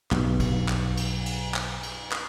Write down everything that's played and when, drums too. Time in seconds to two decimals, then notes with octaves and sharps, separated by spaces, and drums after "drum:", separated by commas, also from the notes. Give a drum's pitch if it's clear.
0.11 B1 G2, drum: clap
0.40 drum: kick, cymbal
0.68 drum: clap
0.97 drum: cymbal
1.26 drum: cymbal
1.54 drum: clap
1.83 drum: cymbal
2.12 drum: clap